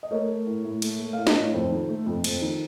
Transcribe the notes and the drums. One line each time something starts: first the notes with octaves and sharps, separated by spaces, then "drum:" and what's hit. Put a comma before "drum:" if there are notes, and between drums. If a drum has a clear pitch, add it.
D#5
A3 A#4 C#5
A3
A2
A2
A3, drum: cymbal
A3
A2 F5
D#5, drum: snare D4
A2 C#5
F2 A4 C5
D#3
A3
F2
F2, drum: cymbal
D#3